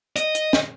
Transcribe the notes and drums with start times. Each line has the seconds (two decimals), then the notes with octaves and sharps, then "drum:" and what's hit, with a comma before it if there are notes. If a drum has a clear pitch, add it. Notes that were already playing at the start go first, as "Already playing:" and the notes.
0.16 D#5, drum: hi-hat
0.35 drum: hi-hat
0.53 drum: snare